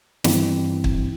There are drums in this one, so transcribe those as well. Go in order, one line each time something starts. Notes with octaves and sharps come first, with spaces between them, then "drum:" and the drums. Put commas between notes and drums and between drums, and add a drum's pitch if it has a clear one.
G2 E3 C4 E4, drum: snare
drum: kick